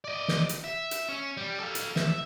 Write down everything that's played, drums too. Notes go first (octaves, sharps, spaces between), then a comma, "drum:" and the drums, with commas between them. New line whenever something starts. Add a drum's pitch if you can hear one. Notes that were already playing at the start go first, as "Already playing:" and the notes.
D5 D#5
drum: snare
drum: hi-hat
E5
drum: hi-hat
C#4
G3
A4 F5
drum: hi-hat
E5, drum: snare